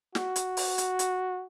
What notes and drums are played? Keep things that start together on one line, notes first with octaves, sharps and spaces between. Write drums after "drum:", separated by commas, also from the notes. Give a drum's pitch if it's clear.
F#4, drum: snare
drum: hi-hat
drum: open hi-hat
drum: hi-hat
drum: hi-hat